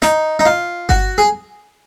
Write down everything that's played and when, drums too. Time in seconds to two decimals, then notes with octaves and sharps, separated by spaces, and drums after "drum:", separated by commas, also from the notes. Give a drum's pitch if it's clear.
0.02 D#4, drum: snare
0.39 D#4
0.46 F4
0.89 F#4, drum: kick G1
1.18 G#4